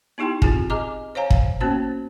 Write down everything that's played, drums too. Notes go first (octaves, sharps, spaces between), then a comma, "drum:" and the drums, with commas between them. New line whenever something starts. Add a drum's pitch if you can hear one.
B3 D#4 E4 G4 G5 C6
C4 F4 G#4 G#5, drum: kick
G#4 D#5 G#5 A#5 D6
C5 C#5 F5 G#5 A#5
drum: kick
A#3 B3 C#4 F#4 C5 A5